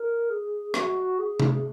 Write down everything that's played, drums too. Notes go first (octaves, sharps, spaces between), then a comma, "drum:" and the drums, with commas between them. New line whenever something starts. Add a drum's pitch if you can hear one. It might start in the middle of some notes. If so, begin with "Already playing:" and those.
Already playing: A#4
G#4
F#4, drum: rim click
G#4
drum: tom C3